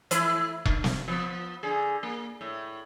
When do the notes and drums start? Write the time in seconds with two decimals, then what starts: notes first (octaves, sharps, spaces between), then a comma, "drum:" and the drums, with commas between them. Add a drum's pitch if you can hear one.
0.11 E3 A3 E4, drum: hi-hat
0.65 D3, drum: kick E1
0.84 drum: snare
1.08 F3 B3
1.63 D3 G#4
2.03 A#3
2.41 A2